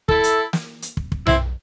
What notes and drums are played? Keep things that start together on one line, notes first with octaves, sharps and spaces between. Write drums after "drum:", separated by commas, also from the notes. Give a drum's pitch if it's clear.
E4 A4, drum: kick
drum: hi-hat
drum: snare
drum: hi-hat
drum: kick
drum: kick
C4 E4, drum: tom B1